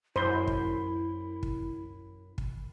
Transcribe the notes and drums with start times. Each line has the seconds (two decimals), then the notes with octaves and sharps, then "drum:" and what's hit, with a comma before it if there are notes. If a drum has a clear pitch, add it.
0.16 F#2 E4 C5 B5 G7
0.47 drum: kick
1.43 drum: kick
2.38 drum: kick